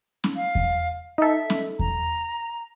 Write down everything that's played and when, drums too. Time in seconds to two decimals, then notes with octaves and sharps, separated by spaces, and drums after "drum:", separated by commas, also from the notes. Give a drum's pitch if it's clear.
0.24 drum: snare C#4
0.36 F5
0.55 drum: kick E2
1.18 D#4 A4 E5
1.50 drum: snare C#4
1.79 A#5, drum: kick E2